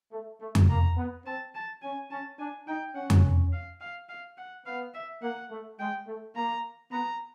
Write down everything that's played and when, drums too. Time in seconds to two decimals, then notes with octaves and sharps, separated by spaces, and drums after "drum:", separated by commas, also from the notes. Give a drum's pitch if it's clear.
0.12 A3
0.41 A3
0.55 drum: tom F2
0.69 A#3 A#5
0.97 B3
1.26 C4 A5
1.55 A5
1.82 C#4 G#5
2.10 C#4 A5
2.39 D4 G#5
2.67 D#4 G5
2.95 C#4 F#5
3.10 drum: tom F2
3.52 F5
3.81 F5
4.09 F5
4.38 F#5
4.66 B3 F5
4.94 E5
5.22 A#3 F#5
5.51 A3
5.79 G#3 G5
6.07 A3
6.35 A#3 A#5
6.92 B3 A#5